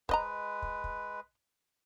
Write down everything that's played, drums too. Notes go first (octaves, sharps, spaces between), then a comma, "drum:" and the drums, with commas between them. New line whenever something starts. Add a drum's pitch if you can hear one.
G#3 B4 C5 D#5 A#5, drum: kick
drum: kick
drum: kick